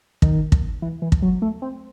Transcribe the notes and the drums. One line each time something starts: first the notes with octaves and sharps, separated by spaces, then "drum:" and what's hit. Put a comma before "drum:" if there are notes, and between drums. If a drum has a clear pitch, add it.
D#3, drum: kick
drum: kick
E3
E3
drum: kick
F#3
A3
C4